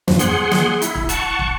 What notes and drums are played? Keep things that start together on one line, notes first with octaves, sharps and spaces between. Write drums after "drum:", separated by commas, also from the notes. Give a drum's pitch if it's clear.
E2 G2 F3, drum: snare
G#4 F#5 C6, drum: hi-hat
drum: snare
E4, drum: hi-hat
drum: kick
F#5 A5 C#6, drum: hi-hat
drum: kick